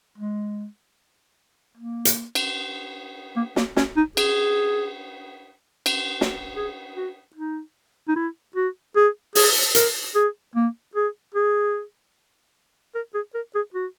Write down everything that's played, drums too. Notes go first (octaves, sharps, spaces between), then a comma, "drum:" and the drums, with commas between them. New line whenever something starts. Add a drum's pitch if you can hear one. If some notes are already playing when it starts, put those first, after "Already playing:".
G#3
A#3
drum: hi-hat
drum: cymbal
A#3
A#3, drum: snare
C#4, drum: snare
D#4
G#4, drum: cymbal
drum: cymbal
drum: snare
G#4
F#4
D#4
D#4
E4
F#4
G#4
G#4, drum: open hi-hat
A#4, drum: hi-hat
G#4
A#3
G#4
G#4
A#4
G#4
A#4
G#4
F#4